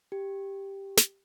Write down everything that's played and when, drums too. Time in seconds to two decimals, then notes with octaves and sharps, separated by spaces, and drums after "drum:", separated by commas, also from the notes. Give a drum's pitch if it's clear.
0.12 G4
0.97 drum: snare